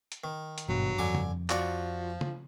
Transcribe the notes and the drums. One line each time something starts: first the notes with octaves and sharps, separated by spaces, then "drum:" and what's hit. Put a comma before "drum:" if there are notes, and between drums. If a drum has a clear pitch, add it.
drum: hi-hat
D#3
drum: hi-hat
G#1 G2 B2 F#3
F2 D3 G#5 D6
drum: tom
F3 F4 F#4 D5 F#5, drum: clap
drum: tom